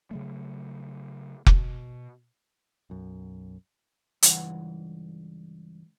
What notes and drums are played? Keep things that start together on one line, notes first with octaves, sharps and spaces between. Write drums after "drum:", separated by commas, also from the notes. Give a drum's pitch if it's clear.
C#3 F#3 A3
B2, drum: kick F1
B1 F#2
C#2 G2 E3 F#5, drum: hi-hat